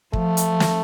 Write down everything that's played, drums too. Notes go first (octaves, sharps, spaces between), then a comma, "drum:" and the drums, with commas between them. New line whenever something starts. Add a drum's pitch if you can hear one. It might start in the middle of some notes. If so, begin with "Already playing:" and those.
F3 A3, drum: kick
drum: hi-hat
drum: snare